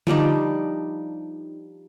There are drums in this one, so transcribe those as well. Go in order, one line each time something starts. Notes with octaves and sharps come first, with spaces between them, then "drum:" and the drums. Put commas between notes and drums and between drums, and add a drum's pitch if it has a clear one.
F3 G3 D4 D#4, drum: tom D3